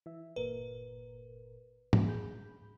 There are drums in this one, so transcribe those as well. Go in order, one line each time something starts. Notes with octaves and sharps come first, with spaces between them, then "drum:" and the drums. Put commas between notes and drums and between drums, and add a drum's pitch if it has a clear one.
E3 E5
G1 A#2 A#4 B4
drum: tom
G#4 B5 G6